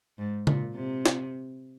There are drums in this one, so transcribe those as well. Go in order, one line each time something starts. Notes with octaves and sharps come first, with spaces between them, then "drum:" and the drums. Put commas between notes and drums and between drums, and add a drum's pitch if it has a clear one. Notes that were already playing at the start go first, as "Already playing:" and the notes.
G#2
A#2, drum: tom C#3
C3
drum: snare